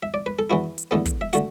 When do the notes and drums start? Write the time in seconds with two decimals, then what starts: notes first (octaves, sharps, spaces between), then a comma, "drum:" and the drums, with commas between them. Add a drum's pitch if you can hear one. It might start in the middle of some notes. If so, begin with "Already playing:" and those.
0.03 E5
0.14 D5
0.26 B4
0.39 A4
0.50 E2 E3 B3 E4 F#4
0.78 drum: hi-hat
0.91 E2 D3 A3 B3 A4
1.05 drum: kick, hi-hat
1.21 E5
1.33 D3 A3 F#4 F#5, drum: hi-hat